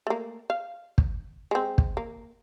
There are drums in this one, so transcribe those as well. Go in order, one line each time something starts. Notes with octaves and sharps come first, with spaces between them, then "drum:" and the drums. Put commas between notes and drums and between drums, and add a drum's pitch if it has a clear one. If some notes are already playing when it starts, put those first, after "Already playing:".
A3 A#3
F5
drum: kick
G#3 C4
drum: kick
A#3